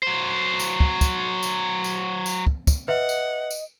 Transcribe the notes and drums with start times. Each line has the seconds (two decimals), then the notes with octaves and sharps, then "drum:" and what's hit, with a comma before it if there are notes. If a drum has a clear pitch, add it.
0.03 F#3 C5
0.60 drum: tambourine
0.80 drum: kick
1.01 drum: kick, tambourine
1.43 drum: tambourine
1.84 drum: tambourine
2.26 drum: tambourine
2.47 drum: kick
2.67 drum: kick, tambourine
2.88 B4 D#5 E5 F#5
3.09 drum: tambourine
3.50 drum: tambourine